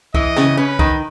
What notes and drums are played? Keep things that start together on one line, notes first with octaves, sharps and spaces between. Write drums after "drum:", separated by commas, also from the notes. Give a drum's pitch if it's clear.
E3 D#5, drum: kick C2
C#3, drum: snare
C#4 B4
D#3, drum: kick C2